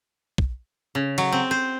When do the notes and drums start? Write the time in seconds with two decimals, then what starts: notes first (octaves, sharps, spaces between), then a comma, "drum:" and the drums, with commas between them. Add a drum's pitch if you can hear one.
0.38 drum: kick
0.95 C#3
1.18 F#3, drum: cymbal
1.32 C4
1.51 C5